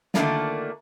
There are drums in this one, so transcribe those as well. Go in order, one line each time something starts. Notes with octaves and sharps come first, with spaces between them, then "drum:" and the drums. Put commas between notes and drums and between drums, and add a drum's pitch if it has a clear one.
D3 D#3 A3 A#3 D4 F4, drum: snare